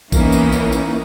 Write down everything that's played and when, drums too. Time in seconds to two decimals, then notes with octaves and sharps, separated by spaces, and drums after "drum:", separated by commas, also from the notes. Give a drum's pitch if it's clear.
0.12 E3 A#3 B3 C#4 D#4, drum: kick, tambourine
0.32 drum: tambourine
0.52 drum: tambourine
0.72 drum: tambourine